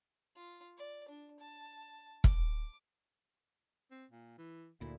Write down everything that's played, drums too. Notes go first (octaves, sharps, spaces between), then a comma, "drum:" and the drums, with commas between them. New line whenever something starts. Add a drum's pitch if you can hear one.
F4
D5
D4
A5
D6, drum: kick E1
C4
A#2
E3
D2 A#2 E4